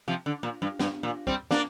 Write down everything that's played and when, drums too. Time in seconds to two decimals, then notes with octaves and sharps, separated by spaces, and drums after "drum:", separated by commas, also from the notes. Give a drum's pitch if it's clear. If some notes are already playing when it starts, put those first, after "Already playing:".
0.08 C3 F3
0.26 D3
0.43 A#2
0.62 G2
0.79 G2, drum: snare
1.03 A#2
1.27 G3 C4, drum: kick
1.51 A#3 D4, drum: snare